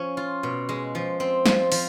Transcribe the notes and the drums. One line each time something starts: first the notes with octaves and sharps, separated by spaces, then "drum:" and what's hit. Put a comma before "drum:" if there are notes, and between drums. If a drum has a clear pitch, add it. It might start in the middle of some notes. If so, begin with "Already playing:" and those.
Already playing: F3 C#4
F4
B2
G#3
F3
C4
F3, drum: snare
F3, drum: open hi-hat